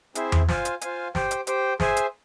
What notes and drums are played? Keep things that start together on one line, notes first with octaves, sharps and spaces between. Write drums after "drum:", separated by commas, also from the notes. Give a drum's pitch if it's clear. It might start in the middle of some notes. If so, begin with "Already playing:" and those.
C4 E4 G#4 C5 E5, drum: hi-hat
drum: tom E2
F4 C5 F5 G#5, drum: snare
drum: hi-hat
F4 C5 F5 G#5, drum: hi-hat
G4 C5 G5, drum: snare
drum: hi-hat
G4 C5 G5, drum: hi-hat
G#4 C5 E5 G#5, drum: snare
drum: hi-hat